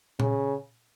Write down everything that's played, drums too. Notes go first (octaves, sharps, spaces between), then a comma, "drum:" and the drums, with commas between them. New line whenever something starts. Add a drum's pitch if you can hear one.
C#3, drum: tom A#2